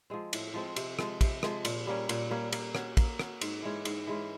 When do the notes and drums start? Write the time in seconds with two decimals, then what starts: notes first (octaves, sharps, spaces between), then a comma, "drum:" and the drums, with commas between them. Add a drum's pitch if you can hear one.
0.10 F3 G#3 C4
0.33 A2, drum: cymbal
0.54 F3 G#3 C4
0.76 C3, drum: cymbal
0.99 F3 G#3, drum: rim click
1.21 C3, drum: kick, cymbal
1.43 F3 G#3, drum: rim click
1.65 A#2, drum: cymbal
1.87 G3 A#3 C#4
2.09 A#2, drum: cymbal
2.30 G3 A#3 C#4
2.52 A#3, drum: cymbal
2.75 C#4 F#4, drum: rim click
2.97 A#3, drum: kick, cymbal
3.19 C#4 F#4, drum: rim click
3.41 G#2, drum: cymbal
3.63 E3 G#3 C#4
3.85 G#2, drum: cymbal
4.07 E3 G#3 C#4